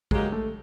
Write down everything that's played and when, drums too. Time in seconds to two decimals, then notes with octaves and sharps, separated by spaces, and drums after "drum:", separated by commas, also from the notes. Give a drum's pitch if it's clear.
0.11 F#3 G#3 A#3 D#4 G4, drum: kick
0.32 A3